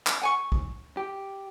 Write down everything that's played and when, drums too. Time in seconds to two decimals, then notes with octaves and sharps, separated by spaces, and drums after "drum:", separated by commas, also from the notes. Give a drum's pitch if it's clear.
0.07 drum: clap
0.21 F#5 G#5 C#6
0.52 drum: kick A#1
0.97 G4